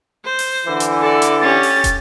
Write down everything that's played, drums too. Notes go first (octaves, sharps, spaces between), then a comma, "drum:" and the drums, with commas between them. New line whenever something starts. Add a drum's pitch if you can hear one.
C5
drum: open hi-hat
D3 E3
drum: hi-hat
A4 D5
drum: hi-hat
C#4 G4 A6
drum: open hi-hat
drum: kick, hi-hat